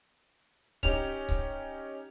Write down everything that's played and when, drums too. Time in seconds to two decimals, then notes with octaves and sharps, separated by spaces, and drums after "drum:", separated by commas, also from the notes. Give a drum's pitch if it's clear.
0.83 C#4 D#4 G4 F7, drum: kick C#1
1.29 drum: kick C#1